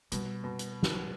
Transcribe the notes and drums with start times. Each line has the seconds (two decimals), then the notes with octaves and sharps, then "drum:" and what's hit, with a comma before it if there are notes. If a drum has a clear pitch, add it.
0.12 B2 G3, drum: hi-hat
0.44 B2
0.59 drum: hi-hat
0.83 drum: snare